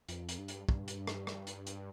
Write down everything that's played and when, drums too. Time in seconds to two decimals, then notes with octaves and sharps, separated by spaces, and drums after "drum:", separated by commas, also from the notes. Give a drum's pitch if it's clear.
0.09 F2, drum: hi-hat
0.29 drum: hi-hat
0.38 G2
0.48 drum: hi-hat
0.69 G2, drum: kick
0.88 drum: hi-hat
1.07 drum: rim click
1.27 drum: rim click
1.47 drum: hi-hat
1.67 drum: hi-hat